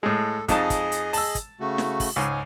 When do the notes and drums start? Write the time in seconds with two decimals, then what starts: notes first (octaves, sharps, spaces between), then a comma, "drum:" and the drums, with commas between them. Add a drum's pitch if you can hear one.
0.03 A2 G#3 A4
0.48 F2 D#4 G#4 D#5 A5, drum: kick, hi-hat
0.70 drum: kick, hi-hat
0.92 drum: hi-hat
1.13 A5 E6, drum: open hi-hat
1.35 drum: kick, hi-hat
1.60 C#3 A3 F#4
1.78 drum: snare
2.00 drum: kick, open hi-hat
2.16 C#2 G#2 G#5